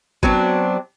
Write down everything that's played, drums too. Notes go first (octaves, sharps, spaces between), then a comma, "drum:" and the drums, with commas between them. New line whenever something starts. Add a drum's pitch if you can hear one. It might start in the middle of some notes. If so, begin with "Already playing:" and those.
F#3 B3 C4 D4, drum: kick G1